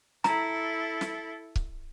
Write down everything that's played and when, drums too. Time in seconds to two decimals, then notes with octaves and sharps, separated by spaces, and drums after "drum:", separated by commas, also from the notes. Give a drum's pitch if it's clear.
0.24 E4 A4 A#5, drum: snare
1.01 drum: snare
1.56 drum: kick C#1